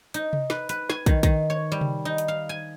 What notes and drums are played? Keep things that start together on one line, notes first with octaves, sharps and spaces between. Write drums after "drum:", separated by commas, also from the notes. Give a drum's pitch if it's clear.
D#4, drum: hi-hat
drum: tom C3
B4, drum: snare
B4, drum: hi-hat
G#5, drum: snare
D#3, drum: kick, hi-hat
D#3, drum: kick, hi-hat
C#5
G3
drum: tom C3
D#4
drum: hi-hat
F5
G#5